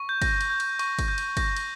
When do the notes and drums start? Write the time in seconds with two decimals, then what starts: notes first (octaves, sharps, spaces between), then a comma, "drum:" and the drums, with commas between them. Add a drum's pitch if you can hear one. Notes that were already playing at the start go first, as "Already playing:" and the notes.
Already playing: C#6
0.09 G6
0.22 G6 A#6, drum: kick, cymbal
0.41 drum: cymbal
0.50 G6
0.60 drum: cymbal
0.79 C#6, drum: cymbal
0.99 drum: kick, cymbal
1.08 G6
1.18 drum: cymbal
1.37 G6 A#6, drum: kick, cymbal
1.56 drum: cymbal